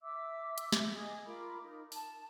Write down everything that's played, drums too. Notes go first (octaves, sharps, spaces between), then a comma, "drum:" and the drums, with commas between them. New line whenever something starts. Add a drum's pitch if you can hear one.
E5 D6 E6
drum: hi-hat
drum: snare
G#4 D#5
F4 A#4 B5 D6
D#4 A#4
A5, drum: open hi-hat